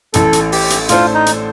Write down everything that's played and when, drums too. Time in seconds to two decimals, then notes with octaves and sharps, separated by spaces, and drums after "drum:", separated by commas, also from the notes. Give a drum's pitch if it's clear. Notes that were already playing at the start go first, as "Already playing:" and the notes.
0.14 A1 A2 A3 A4, drum: hi-hat
0.33 drum: hi-hat
0.52 G4, drum: open hi-hat
0.70 drum: hi-hat
0.89 A2 A3 D4 F4 A4 C5, drum: hi-hat
1.14 D#4
1.26 drum: hi-hat